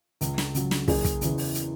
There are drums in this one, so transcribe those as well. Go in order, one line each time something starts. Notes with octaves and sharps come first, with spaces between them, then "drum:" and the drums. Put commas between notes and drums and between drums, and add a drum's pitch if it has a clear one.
C#2, drum: hi-hat
drum: snare
C#3 F#3, drum: hi-hat
drum: snare
F#1 G#4, drum: kick, open hi-hat
drum: kick, hi-hat
E2 C#3 E3, drum: hi-hat
drum: open hi-hat
drum: hi-hat